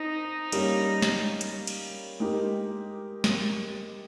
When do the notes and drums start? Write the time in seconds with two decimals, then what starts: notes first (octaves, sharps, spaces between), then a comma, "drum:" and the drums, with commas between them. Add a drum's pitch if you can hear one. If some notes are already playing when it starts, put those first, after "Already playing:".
Already playing: C4 D#4
0.52 G3 A#3 C#4, drum: cymbal
1.02 drum: snare
1.41 drum: hi-hat
1.67 drum: cymbal
2.20 G#3 D#4 G4 A#4
3.24 drum: snare